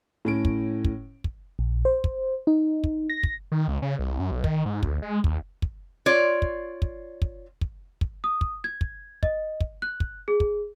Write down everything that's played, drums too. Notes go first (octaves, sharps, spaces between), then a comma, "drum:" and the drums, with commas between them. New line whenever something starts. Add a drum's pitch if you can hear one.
A2 C#4 D7
drum: kick
drum: kick
drum: kick
A#1
C5
drum: kick
D#4
drum: kick
A#6
drum: kick
D#3
C#2
C#3
C2
F#2
B1
D#3, drum: kick
G#2
D2, drum: kick
G#3
D#2, drum: kick
drum: kick
F4 C#5 D5
drum: kick
drum: kick
drum: kick
drum: kick
drum: kick
D#6
drum: kick
G#6
drum: kick
D#5, drum: kick
drum: kick
F#6
drum: kick
G#4
drum: kick